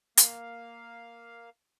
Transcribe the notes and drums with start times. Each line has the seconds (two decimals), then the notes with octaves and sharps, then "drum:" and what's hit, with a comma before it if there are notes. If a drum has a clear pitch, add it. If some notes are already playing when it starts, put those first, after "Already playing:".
0.17 A#3 F5, drum: hi-hat